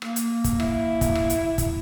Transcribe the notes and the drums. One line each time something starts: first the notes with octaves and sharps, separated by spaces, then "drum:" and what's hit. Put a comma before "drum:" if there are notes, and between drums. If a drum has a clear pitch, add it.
A#3, drum: rim click
drum: hi-hat
drum: kick, hi-hat
E4, drum: rim click
drum: kick, hi-hat
drum: rim click
drum: hi-hat
drum: kick, hi-hat